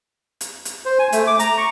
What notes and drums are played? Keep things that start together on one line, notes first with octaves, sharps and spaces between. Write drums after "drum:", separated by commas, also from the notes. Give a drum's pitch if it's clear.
drum: hi-hat
drum: hi-hat
C5
G#5
A3, drum: hi-hat
D6
A#5, drum: hi-hat
C#6